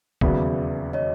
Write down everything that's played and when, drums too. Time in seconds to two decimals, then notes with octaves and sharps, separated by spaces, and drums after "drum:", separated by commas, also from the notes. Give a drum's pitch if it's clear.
0.21 E1 D#2 C#3 F#3 B3 D5 E5, drum: kick
0.93 C#5 D#5